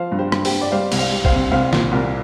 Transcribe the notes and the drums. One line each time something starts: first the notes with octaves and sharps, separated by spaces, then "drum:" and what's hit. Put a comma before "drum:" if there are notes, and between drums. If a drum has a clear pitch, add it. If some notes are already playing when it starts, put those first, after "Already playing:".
Already playing: F3 C5 F5
G2
G4 C5
G2, drum: rim click
G4 C5, drum: open hi-hat
G2
D5
G3 C5 F5
C2, drum: cymbal
C5 F5
G3
C5 F5, drum: kick A#1
C3
C2 C5 F5
A#2, drum: snare
C2 A#4 D5